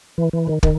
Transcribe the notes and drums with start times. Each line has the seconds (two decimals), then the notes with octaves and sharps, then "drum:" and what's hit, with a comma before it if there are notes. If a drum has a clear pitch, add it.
0.18 E3
0.33 E3
0.47 D#3
0.63 D#3, drum: kick